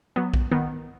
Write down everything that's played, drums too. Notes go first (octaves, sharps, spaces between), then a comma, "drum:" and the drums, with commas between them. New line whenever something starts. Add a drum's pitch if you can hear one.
F#3 B3
drum: kick A#1
D#3 B3